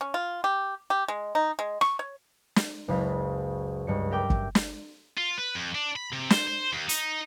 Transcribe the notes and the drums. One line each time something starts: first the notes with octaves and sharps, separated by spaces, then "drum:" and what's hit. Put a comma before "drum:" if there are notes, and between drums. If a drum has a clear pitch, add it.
C#4
F4
G4
G4
G#3
D#4
G#3
C#6, drum: rim click
C#5
drum: snare
F#1 C#2 F5 B6
C#2 G2 C#7
A#4 E5 G5 D6 G6
drum: kick
drum: snare
F4
B4
F2
D4
B5
C3
C5, drum: snare
C5
D#2
D#4, drum: hi-hat